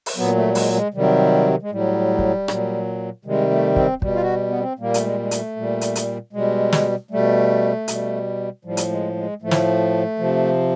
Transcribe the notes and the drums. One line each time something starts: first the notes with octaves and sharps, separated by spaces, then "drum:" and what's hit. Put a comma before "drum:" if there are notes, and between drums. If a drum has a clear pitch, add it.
drum: open hi-hat
A#2 F#3 B3
A3
G3
G#3, drum: open hi-hat
G#3
C3 D#3 F#3 G3
G#3
A2 F#3 G3
drum: kick
A#2 F#3, drum: rim click
C3 D#3 G3 G#3
A3
C4, drum: kick
B2 G3, drum: kick
F4
F#4
B3
C4
A#2 G3 A#3
A3, drum: hi-hat
G#3
G#3
A3, drum: hi-hat
A#2 G3
drum: hi-hat
drum: hi-hat
B2 G3 G#3
drum: snare
B2 G3 A3
B2 G3, drum: hi-hat
A2 F3 G3
drum: hi-hat
G#3
G#3
A2 F3 A3
drum: snare
C3 F3